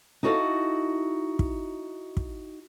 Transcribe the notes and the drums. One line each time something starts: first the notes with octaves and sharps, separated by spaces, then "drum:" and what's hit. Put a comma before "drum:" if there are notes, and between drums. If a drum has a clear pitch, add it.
D#4 E4 F#4 A4 D5 F5
drum: kick
drum: kick